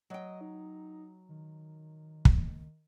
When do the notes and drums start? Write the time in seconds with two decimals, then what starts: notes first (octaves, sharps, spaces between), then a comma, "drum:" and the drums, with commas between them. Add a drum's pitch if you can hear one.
0.10 F#3 D#5 G5
0.41 D#4
1.29 D#3
2.25 drum: kick